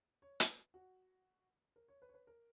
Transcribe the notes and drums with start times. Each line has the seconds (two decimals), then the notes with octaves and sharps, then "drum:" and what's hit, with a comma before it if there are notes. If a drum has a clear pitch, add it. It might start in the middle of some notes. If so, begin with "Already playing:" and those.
0.22 C#5
0.40 B4, drum: hi-hat
0.74 F#4
1.76 A#4
1.88 C#5
2.02 B4
2.09 C#5
2.14 B4
2.27 A#4